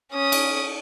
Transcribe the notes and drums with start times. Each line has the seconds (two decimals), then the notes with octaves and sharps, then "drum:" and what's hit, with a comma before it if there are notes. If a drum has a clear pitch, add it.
0.13 C#4 D#6
0.32 drum: cymbal